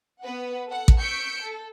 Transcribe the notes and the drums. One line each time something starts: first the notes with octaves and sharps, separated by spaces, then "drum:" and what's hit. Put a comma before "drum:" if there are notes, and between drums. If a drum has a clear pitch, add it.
B3 B4 F#5
A4 F#5
drum: kick A1
C#6 E6 G6 B6 C#7 D7
A4